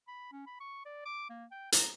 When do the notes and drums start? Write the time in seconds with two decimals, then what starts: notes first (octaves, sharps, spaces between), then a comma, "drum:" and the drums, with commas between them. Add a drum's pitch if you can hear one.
0.08 B5
0.32 C#4
0.46 B5
0.60 C#6
0.85 D5
1.05 D6
1.30 A#3
1.51 G5
1.72 A#5, drum: hi-hat